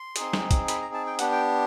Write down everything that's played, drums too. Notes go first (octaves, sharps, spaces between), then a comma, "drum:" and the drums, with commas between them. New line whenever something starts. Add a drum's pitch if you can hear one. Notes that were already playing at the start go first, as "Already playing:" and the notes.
Already playing: C6
C4 D#4 G#4, drum: hi-hat
drum: snare
drum: kick, hi-hat
B5, drum: hi-hat
A#5
A5
G5
B3 D4 G4 F#5, drum: hi-hat
G5